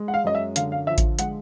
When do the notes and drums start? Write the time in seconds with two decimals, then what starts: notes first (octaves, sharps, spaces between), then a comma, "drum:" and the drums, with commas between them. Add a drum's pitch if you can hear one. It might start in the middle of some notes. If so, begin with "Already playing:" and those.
Already playing: G#3
0.08 F#5
0.14 F5
0.24 F#2 D#5
0.35 E5
0.56 D3 F5, drum: hi-hat
0.72 F5
0.87 F3 E5
0.98 drum: kick A1, hi-hat
1.19 G#3 F#5, drum: hi-hat